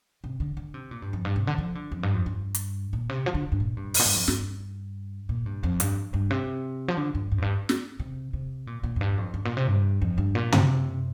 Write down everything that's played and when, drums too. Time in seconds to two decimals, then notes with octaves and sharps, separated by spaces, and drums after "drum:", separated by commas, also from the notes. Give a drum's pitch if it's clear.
0.24 C3
0.40 D3
0.57 D3
0.74 C3
0.91 A#2
1.02 G2
1.13 F2
1.25 G2
1.36 C3
1.47 D3
1.58 F3
1.75 D3
1.92 F2
2.03 G2
2.14 F2
2.26 G2
2.55 drum: hi-hat
2.93 A#2
3.09 C3
3.26 F3
3.35 D3
3.52 G2
3.60 A#2
3.77 G2
3.94 F2, drum: open hi-hat
3.99 A#2
4.05 G2
4.16 F2
4.28 G2, drum: snare
5.29 A#2
5.46 G2
5.63 F2
5.80 G2, drum: hi-hat
6.14 G2
6.30 C3
6.88 F3
6.97 D3
7.15 G2
7.32 G2
7.38 F2
7.42 G2
7.69 drum: snare
8.00 C3
8.33 C3
8.67 A#2
8.84 A#2
8.96 F2
9.01 G2
9.18 F2
9.34 G2
9.45 A#2
9.57 C3
9.67 G2
10.02 F2
10.18 G2
10.35 A#2
10.52 C3, drum: tom